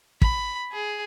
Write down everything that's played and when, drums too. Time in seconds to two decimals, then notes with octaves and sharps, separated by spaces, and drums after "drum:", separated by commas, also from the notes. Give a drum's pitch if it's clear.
0.22 B5, drum: kick
0.72 G#4